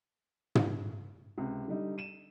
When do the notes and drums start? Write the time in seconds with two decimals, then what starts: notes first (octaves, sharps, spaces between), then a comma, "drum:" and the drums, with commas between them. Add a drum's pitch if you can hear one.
0.55 drum: tom
1.38 C#2 C3
1.67 D3 G3 D#4
1.98 D#7 E7